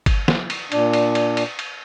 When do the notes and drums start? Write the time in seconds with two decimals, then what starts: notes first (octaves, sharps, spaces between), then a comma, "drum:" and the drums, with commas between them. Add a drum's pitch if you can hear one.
0.06 drum: kick G1, cymbal
0.28 drum: snare
0.50 drum: cymbal
0.72 A#2 D4, drum: cymbal
0.93 drum: cymbal
1.15 drum: cymbal
1.37 drum: cymbal
1.59 drum: cymbal